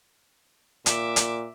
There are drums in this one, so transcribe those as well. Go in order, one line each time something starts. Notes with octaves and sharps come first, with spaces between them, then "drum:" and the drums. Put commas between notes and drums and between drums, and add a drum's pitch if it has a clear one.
A#2 E5 D6, drum: hi-hat
drum: hi-hat